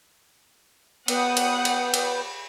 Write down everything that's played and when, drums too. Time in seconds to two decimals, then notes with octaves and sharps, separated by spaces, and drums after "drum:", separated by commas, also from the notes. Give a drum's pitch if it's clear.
1.08 B3 F#5 G5 D#6, drum: cymbal
1.37 drum: cymbal
1.65 drum: cymbal
1.94 drum: cymbal